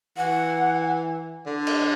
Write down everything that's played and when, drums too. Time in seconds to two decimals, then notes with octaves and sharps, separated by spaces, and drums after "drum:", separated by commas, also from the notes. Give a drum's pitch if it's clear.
0.17 E3 F#5
1.46 D3
1.67 drum: cymbal